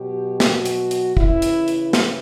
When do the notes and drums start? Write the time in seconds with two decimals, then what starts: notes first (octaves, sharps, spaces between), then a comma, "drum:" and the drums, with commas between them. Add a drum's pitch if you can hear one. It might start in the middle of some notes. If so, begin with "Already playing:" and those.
Already playing: B2 F#3 G4
0.40 F#4, drum: snare
0.65 drum: hi-hat
0.91 drum: hi-hat
1.17 C#3 E3 E4, drum: kick
1.42 drum: hi-hat
1.68 drum: hi-hat
1.93 drum: snare